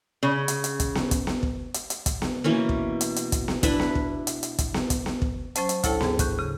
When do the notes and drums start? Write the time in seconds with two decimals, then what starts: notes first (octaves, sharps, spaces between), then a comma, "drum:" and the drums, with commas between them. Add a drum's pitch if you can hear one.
0.23 C#3
0.48 drum: hi-hat
0.64 drum: hi-hat
0.80 drum: kick, hi-hat
0.95 drum: snare B3
1.11 drum: kick, hi-hat
1.27 drum: snare B3
1.43 drum: kick
1.74 drum: hi-hat
1.90 drum: hi-hat
2.06 drum: kick, hi-hat
2.22 drum: snare B3
2.44 B2 E3 A#3 C#4
2.69 drum: kick
3.01 drum: hi-hat
3.16 drum: hi-hat
3.32 drum: kick, hi-hat
3.48 drum: snare B3
3.63 D4 E4 B4, drum: kick, hi-hat
3.80 drum: snare B3
3.95 drum: kick
4.27 drum: hi-hat
4.43 drum: hi-hat
4.58 drum: kick, hi-hat
4.74 drum: snare B3
4.90 drum: kick, hi-hat
5.06 drum: snare B3
5.22 drum: kick
5.55 F#3 C#4 C5 A5, drum: hi-hat
5.69 drum: hi-hat
5.84 D2 E4 A4 C#5 G5 A5, drum: kick, hi-hat
6.01 G#2 G#4, drum: snare B3
6.19 C#6 F#6 G6, drum: kick, hi-hat
6.39 C#3